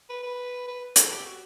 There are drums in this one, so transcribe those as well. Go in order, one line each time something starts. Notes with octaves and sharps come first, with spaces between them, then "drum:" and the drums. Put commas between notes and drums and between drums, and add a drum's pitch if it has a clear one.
B4
B4
B4
A4, drum: hi-hat
G4
F#4